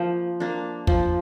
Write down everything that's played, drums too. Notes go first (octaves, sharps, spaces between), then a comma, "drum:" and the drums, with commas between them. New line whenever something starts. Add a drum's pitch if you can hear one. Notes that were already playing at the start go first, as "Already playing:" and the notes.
Already playing: F3 A#3
A#3 D4
F3, drum: kick